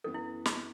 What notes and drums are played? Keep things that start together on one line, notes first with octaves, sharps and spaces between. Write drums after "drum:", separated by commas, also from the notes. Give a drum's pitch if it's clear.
F#2 E3 B3 A4
E4
drum: snare